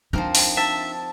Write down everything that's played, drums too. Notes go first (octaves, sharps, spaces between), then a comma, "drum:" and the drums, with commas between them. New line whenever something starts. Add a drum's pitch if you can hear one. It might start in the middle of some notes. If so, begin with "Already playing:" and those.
F3 C4 D4 D#4 A#4
drum: open hi-hat
E5 A5